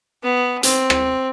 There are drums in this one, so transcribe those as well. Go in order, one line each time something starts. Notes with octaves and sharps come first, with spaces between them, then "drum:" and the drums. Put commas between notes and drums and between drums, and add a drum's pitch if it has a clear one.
B3
C4, drum: hi-hat
drum: rim click